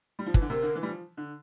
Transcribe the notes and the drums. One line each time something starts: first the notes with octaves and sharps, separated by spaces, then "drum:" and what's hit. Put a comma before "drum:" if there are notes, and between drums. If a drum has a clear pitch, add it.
G3
F3
E3, drum: kick
D3
C3 A#4
D3
E3
G3
F3
D3